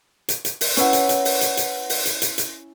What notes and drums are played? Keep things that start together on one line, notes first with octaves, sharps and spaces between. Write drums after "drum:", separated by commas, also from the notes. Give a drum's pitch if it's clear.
drum: hi-hat
drum: hi-hat
drum: open hi-hat
C#4 E4 B4 F#5, drum: hi-hat
drum: hi-hat
drum: hi-hat
drum: open hi-hat
drum: hi-hat
drum: hi-hat
drum: open hi-hat
drum: hi-hat
drum: hi-hat
drum: hi-hat